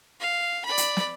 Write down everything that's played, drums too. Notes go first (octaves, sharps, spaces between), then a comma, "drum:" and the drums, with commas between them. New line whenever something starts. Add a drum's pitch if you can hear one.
F5
D5 B5
drum: hi-hat
drum: snare